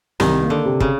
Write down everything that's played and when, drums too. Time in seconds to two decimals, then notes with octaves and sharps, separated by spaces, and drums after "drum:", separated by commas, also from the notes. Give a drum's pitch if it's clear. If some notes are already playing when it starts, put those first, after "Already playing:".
0.20 C2 D#3, drum: snare
0.43 A#3
0.50 D3
0.66 C3
0.80 C#3, drum: kick